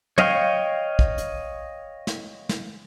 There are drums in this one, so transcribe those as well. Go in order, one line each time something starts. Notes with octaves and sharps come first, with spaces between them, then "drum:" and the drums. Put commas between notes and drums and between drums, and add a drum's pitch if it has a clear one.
C#5 D#5 F5 G5 C#6, drum: tom
drum: kick
drum: hi-hat
drum: snare
drum: snare